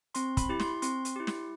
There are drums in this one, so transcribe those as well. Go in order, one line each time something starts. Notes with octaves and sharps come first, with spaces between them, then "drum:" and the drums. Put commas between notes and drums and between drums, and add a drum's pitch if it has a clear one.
C4 C6, drum: hi-hat
B5, drum: kick, hi-hat
E4 G4
C6, drum: snare
C4 C6, drum: hi-hat
drum: hi-hat
E4 G4
drum: snare